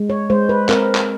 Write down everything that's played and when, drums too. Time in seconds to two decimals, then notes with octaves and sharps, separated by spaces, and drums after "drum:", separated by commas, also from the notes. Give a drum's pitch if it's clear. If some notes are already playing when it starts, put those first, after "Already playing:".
Already playing: G#3
0.10 C#5
0.30 G#3 C5
0.49 B4
0.69 C4 A#4, drum: clap
0.95 drum: clap